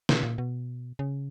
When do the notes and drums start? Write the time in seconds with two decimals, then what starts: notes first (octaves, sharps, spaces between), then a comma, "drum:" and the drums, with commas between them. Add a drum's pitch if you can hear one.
0.09 B2, drum: snare
0.23 A#2
0.38 B2
0.99 C#3